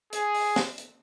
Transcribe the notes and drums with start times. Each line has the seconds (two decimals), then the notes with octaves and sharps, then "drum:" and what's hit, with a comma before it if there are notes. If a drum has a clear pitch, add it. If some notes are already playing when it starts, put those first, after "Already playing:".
0.13 G#4, drum: hi-hat
0.35 drum: open hi-hat
0.56 drum: snare
0.78 drum: hi-hat